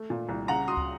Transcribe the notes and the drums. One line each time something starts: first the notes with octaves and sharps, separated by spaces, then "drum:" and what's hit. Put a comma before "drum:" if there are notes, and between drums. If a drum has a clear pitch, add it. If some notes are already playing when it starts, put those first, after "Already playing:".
Already playing: A3
A#2
C2
C#3 F#5 A#5
F#4 C6 D#6
drum: kick